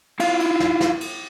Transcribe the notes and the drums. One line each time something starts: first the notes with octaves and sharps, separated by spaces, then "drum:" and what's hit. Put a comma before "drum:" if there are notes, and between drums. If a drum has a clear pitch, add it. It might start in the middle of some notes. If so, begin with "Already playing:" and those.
E4 F4 F5, drum: cymbal
drum: cymbal
drum: snare
drum: snare
drum: cymbal